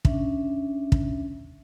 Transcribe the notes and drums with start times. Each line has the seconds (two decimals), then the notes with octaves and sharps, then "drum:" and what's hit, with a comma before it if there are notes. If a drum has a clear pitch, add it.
0.05 C#4 D4 E5, drum: kick
0.92 drum: kick